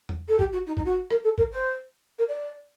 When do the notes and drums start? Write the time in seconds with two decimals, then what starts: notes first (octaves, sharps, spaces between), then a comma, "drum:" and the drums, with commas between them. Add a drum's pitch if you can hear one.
0.09 drum: tom E2
0.28 A4
0.39 G4, drum: kick G1
0.53 F#4
0.67 D#4
0.77 D#4, drum: kick G1
0.86 F#4
1.11 A#4, drum: rim click
1.24 A4
1.38 A#4, drum: kick G1
1.52 C5
2.19 A#4
2.28 D5